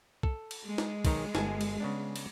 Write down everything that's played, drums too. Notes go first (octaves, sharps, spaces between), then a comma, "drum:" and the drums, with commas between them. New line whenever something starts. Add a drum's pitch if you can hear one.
A4, drum: kick
drum: cymbal
G#3
drum: snare D#4
B1 D#3 A#5, drum: kick, cymbal
G1 G#5 A5, drum: snare D#4
drum: cymbal
C#3 B3 D4
drum: cymbal